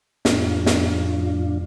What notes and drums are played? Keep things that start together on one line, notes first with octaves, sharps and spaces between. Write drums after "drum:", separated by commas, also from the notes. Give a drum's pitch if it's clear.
F2 A2 D4 F4, drum: snare
drum: snare